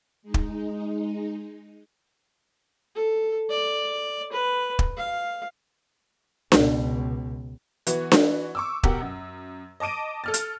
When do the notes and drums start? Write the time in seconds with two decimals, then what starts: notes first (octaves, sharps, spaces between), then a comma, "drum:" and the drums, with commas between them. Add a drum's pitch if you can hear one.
0.23 G#3 D#4
0.34 drum: kick
2.95 A4
3.50 D5
4.32 B4
4.79 drum: kick
4.97 F5
6.52 C#2 B2, drum: snare D4
7.87 E3 B3 F#4, drum: hi-hat
8.12 drum: snare D4
8.55 C#6 D6 E6
8.83 B2 G4 A#4 F#5, drum: kick
9.01 F#2
9.80 D#5 A5 D6 D7 D#7
10.24 A4 F6 A6
10.34 drum: hi-hat